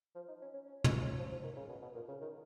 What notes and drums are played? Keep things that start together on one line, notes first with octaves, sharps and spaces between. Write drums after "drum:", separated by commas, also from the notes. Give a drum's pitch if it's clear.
F3
D#4
C#4
C#4
C#4
D#4, drum: tom
C#4
F3
F3
D#3
C#3
B2
B2
A#2
C#3
D#3